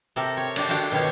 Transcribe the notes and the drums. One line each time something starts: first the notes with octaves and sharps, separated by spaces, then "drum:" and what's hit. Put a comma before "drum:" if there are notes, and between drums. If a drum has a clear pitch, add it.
C3 G4 A4 A#4
C#5
D4 G4, drum: cymbal
D3 D4 F#4 F5 G5
B2 D#3 G4 C#5 F5